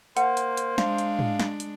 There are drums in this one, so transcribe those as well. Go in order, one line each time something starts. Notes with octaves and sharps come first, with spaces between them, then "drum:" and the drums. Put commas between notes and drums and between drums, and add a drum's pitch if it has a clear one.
A#3 C5 F#5, drum: hi-hat
drum: hi-hat
drum: hi-hat
G#3 D4 F5, drum: snare
drum: hi-hat
drum: tom
drum: snare
drum: hi-hat